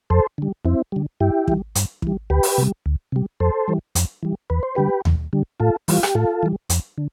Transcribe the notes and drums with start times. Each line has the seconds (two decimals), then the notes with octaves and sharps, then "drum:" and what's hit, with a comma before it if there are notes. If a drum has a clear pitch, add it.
0.10 F2 A4 C5
0.38 D3 G3
0.65 F2 C4 E4
0.92 D3 G3
1.20 G2 E4 G4
1.48 E3 G3, drum: kick
1.75 G2, drum: hi-hat
2.02 E3 G3, drum: kick
2.30 D2 G4 B4
2.43 drum: open hi-hat
2.58 C3 G3
2.86 D2
3.12 C3 G3
3.40 F2 A4 C5
3.68 E3 G3
3.95 F2, drum: hi-hat
4.23 E3 G3
4.50 E2 B4
4.63 C5
4.75 D3 G3 G4 B4
5.05 E2, drum: tom D#2
5.33 D3 G3
5.60 A2 F4 A4
5.88 E3 G3 F4, drum: open hi-hat
6.03 G4, drum: rim click
6.15 A2 F4 A4
6.43 E3 G3
6.70 F2, drum: hi-hat
6.98 D3